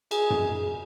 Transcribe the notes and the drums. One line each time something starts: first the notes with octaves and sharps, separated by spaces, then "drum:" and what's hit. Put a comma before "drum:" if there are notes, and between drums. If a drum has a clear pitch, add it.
G#4, drum: cymbal
drum: tom F#2